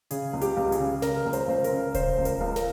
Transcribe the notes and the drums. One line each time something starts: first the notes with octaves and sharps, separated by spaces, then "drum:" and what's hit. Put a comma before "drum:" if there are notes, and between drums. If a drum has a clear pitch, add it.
C#3 G#4, drum: hi-hat
C#2
G4, drum: hi-hat
C#2
G#4, drum: hi-hat
C#3
C#3 A#4, drum: snare
C#2
C5, drum: hi-hat
C#2 C5
A#4, drum: hi-hat
C#3
C#3 C5, drum: kick D#1, hi-hat
C#2
A#4, drum: hi-hat
C#2
A#4, drum: snare